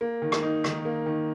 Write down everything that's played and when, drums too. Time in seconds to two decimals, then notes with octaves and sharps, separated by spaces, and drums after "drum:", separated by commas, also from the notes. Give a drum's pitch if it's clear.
0.01 A#3
0.22 D#3
0.32 drum: rim click
0.42 D#4
0.64 D#3, drum: rim click
0.85 A#3
1.06 D#3